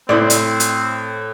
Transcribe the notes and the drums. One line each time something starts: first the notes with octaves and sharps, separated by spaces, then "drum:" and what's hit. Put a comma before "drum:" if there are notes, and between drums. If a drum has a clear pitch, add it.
A2 C4 E4 C5 D5
drum: hi-hat
drum: hi-hat